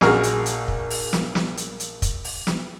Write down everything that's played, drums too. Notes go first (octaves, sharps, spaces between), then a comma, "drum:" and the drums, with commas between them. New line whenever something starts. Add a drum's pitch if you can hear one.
A#1 F#4 G#4 A#4 C#6 F6, drum: snare
drum: hi-hat
drum: hi-hat
drum: kick
drum: open hi-hat
drum: snare
drum: snare
drum: hi-hat
drum: hi-hat
drum: kick, hi-hat
drum: open hi-hat
drum: snare